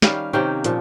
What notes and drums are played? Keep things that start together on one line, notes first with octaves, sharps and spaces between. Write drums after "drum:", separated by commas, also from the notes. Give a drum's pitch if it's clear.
D#3 G3 C#4 F5, drum: snare
C3 D#3 A#3 C#4 G5
A#2 F3, drum: hi-hat